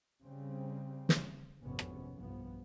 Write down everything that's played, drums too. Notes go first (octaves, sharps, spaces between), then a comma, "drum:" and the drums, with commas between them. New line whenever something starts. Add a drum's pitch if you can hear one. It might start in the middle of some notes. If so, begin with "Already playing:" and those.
C#3 G3 C4
drum: snare
G#1 F2 C3 B3 C#4
drum: rim click
B1 G2 F3 B3